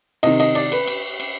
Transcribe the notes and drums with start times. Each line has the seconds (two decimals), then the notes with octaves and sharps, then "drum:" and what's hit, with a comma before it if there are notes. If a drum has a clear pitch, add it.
0.23 C3 D#3 D#5, drum: cymbal
0.40 D#5, drum: cymbal
0.55 D5, drum: cymbal
0.72 B4, drum: cymbal
0.87 drum: cymbal
1.20 drum: cymbal